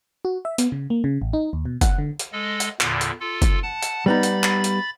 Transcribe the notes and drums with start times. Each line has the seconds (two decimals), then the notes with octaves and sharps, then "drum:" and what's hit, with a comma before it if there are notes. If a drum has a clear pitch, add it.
0.25 F#4
0.45 E5
0.58 B3, drum: hi-hat
0.72 C#3
0.90 A#3
1.04 C#3
1.22 A1
1.33 D#4
1.53 D#2
1.65 B2
1.81 F#5, drum: kick F#1, hi-hat
1.99 D3
2.19 drum: hi-hat
2.32 G#3 A4 D#5
2.60 drum: hi-hat
2.81 E2 A#2 D3, drum: clap
3.01 drum: hi-hat
3.20 F4 A4
3.42 drum: kick F#1, hi-hat
3.63 F#5 A5
3.82 drum: hi-hat
4.06 G3 B3 D#4 B5 A6
4.23 drum: hi-hat
4.44 drum: clap
4.64 drum: hi-hat